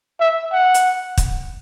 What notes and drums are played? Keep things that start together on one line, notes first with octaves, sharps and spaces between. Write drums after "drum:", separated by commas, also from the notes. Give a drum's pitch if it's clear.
E5
F#5
drum: hi-hat
drum: kick, hi-hat